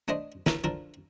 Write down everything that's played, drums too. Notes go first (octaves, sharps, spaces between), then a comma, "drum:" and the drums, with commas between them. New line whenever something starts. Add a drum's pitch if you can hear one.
A3 D4 C5 D#5
E4 A4 A#4 C#5, drum: snare
D3 F3 A4 A#4